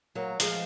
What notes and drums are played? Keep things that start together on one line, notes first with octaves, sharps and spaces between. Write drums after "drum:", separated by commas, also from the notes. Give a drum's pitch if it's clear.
F#3 A#3
F3 G#3, drum: hi-hat